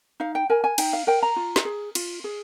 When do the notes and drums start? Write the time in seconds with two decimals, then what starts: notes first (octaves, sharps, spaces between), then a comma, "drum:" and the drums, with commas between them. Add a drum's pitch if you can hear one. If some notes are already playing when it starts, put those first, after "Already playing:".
0.20 D#4 F5
0.35 G5
0.50 A#4 G#5
0.64 G#5
0.78 D#4 G5, drum: cymbal
0.93 F5
1.07 A#4 G5
1.23 A#5
1.36 F4
1.56 drum: snare
1.65 G#4
1.95 F4, drum: cymbal
2.24 G#4